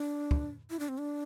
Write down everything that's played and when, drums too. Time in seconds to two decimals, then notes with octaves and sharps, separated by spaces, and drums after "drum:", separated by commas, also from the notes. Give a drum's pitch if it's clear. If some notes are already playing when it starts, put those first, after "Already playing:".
Already playing: D4
0.31 drum: kick
0.70 E4
0.79 D4
0.89 C4
0.98 D4